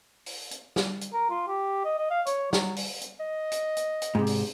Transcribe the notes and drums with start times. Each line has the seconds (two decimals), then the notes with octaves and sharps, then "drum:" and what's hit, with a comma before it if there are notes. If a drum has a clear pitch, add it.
0.26 drum: open hi-hat
0.51 drum: hi-hat
0.76 drum: snare
1.01 drum: hi-hat
1.14 A#4
1.30 F4
1.48 G4
1.85 D#5
1.98 D#5
2.11 F5
2.26 C#5, drum: hi-hat
2.53 F#3, drum: snare
2.76 drum: open hi-hat
3.01 drum: hi-hat
3.20 D#5
3.52 drum: hi-hat
3.77 drum: hi-hat
4.02 drum: hi-hat
4.15 G#2 C3
4.27 drum: open hi-hat